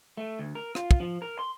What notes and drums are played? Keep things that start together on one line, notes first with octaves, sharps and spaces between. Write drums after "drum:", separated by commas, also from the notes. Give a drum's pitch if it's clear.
A3
D2
A#4
F4, drum: rim click
drum: kick
F3
A#4
C6